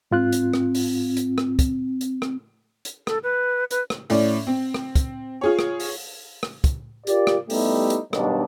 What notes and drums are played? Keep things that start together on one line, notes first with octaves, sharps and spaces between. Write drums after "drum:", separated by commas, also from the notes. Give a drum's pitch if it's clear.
G#2 C4 F4 F#6
drum: hi-hat
drum: rim click
drum: open hi-hat
drum: hi-hat
drum: rim click
drum: kick, hi-hat
drum: hi-hat
drum: rim click
drum: hi-hat
A4, drum: rim click
B4
B4, drum: hi-hat
drum: rim click
A2 C#4 D5, drum: open hi-hat
C4
drum: rim click
drum: kick, hi-hat
F4 G#4 C#5
drum: rim click
drum: open hi-hat
drum: rim click
drum: kick, hi-hat
F4 G4 A#4 D5, drum: hi-hat
drum: rim click
G3 A3 B3 D#4 E4 G4, drum: open hi-hat
drum: hi-hat
B1 G2 B2 D#3 D4, drum: rim click